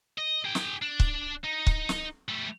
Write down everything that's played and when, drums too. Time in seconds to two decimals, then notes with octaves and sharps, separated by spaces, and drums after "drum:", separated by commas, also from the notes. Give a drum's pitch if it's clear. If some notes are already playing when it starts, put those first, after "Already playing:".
0.18 D#5
0.45 G#4 G5
0.55 drum: snare
0.82 D4
1.00 drum: kick C#1
1.44 D#4
1.67 drum: kick C#1
1.89 drum: snare
2.29 G3 A3